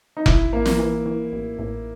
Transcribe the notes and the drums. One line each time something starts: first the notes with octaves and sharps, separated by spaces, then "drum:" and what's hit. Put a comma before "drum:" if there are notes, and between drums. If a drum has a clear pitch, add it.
D#4
A1 E4, drum: kick F1
A1 A#3
drum: snare
E3
E3
A1
A1